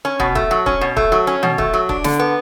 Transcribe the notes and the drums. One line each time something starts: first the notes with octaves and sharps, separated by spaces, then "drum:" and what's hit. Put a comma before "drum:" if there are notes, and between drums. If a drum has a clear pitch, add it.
C#4
B2, drum: kick
A3, drum: kick
F#3
C#4, drum: kick
B2
A3, drum: kick
F#3
C#4
B2, drum: tom D#3
A3, drum: kick
F#3
D4, drum: kick
D3, drum: snare
B3